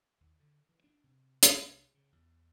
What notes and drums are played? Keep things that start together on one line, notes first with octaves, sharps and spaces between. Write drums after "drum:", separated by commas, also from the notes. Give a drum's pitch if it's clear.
D#2
D3
E3
D4
C3
drum: hi-hat
C2
C#3
E2